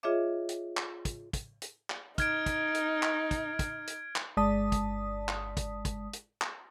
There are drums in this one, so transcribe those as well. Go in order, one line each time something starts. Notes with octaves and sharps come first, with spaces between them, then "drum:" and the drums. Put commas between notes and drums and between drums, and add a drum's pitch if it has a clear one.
F4 G#4 C#5 D#5 E5 D6
drum: hi-hat
drum: clap
drum: kick, hi-hat
drum: kick, hi-hat
drum: hi-hat
drum: clap
D#4 F6 G#6 D7, drum: kick, hi-hat
drum: kick, hi-hat
drum: hi-hat
drum: clap
drum: kick, hi-hat
drum: kick, hi-hat
drum: hi-hat
drum: clap
G1 G#3 D5 A5 D#6 B6
drum: kick, hi-hat
drum: clap
drum: kick, hi-hat
drum: kick, hi-hat
drum: hi-hat
drum: clap